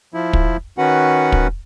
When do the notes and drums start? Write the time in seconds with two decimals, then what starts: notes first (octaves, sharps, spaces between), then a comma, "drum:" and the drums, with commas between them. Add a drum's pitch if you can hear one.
0.14 F3 E4
0.33 drum: kick
0.78 D#3 C#4 F#4 B4 F#5
1.32 drum: kick